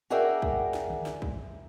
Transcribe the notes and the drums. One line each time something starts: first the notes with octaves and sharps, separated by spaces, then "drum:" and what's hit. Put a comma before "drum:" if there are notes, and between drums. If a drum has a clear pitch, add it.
F#4 G#4 A#4 D5 E5 G5
drum: kick B1
drum: snare
drum: tom D3
drum: snare
drum: kick B1